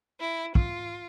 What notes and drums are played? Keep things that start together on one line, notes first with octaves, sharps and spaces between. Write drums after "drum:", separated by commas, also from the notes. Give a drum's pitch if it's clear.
E4
F4, drum: kick